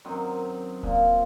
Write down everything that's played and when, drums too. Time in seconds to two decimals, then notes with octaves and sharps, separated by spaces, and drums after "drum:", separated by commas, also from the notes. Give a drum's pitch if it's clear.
0.05 F#2 D#3 F#3 C4
0.83 A#2 F3, drum: kick D1